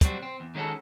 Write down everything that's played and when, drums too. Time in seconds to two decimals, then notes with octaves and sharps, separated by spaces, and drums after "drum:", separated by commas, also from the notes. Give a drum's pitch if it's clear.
0.01 F#3 G3 C4 F#4, drum: kick, hi-hat
0.23 C4
0.40 E2
0.55 D#3 G#3 C#4 F#4 A4